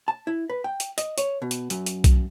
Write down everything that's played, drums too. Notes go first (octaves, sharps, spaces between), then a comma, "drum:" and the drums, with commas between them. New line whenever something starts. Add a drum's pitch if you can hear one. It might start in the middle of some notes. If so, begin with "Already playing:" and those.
A5
E4
B4
G5
drum: hi-hat
D#5, drum: hi-hat
C#5, drum: hi-hat
B2
drum: hi-hat
F#2, drum: hi-hat
drum: hi-hat
drum: kick B1, hi-hat